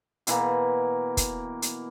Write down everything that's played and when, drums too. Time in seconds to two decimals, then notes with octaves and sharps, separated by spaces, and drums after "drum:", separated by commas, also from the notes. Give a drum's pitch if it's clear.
0.27 B2 E3 A#3, drum: hi-hat
1.17 drum: kick, hi-hat
1.62 drum: hi-hat